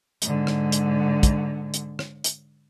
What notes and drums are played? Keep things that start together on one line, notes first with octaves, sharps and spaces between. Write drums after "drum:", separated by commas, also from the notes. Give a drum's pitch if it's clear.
G#2 D3, drum: hi-hat
drum: rim click
drum: hi-hat
drum: kick, hi-hat
drum: hi-hat
drum: rim click
drum: hi-hat